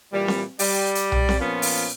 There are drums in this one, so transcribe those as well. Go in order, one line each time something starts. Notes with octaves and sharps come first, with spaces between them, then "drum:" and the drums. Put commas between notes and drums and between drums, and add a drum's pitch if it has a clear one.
A#2 E3 G3
drum: snare C4
G3 D5, drum: open hi-hat
drum: hi-hat
drum: tom B1
drum: snare C4
A#2 F3 B3 C#4 F4
drum: open hi-hat